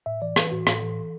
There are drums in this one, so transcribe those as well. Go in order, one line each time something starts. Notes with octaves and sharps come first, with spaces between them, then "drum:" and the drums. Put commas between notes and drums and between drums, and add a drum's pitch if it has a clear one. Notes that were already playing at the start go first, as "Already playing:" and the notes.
A2 E5
E3 D5
E3 B4, drum: rim click
A2 F#4
A2, drum: rim click
A4
E3